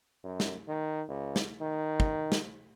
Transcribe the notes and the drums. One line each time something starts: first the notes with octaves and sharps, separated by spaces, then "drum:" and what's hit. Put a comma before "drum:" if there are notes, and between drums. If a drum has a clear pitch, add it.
F#2
drum: snare
D#3
C#2
drum: snare
D#3
drum: kick
drum: snare